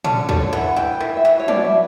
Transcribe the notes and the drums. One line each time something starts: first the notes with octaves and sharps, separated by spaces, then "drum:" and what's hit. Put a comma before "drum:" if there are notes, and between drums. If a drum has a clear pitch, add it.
D3 C#4, drum: tom
D3 A4, drum: kick C#2
C#5
E3 F#5, drum: rim click
E3 G5
E3, drum: rim click
E5
E3
C#5
B2 D5, drum: tom
E5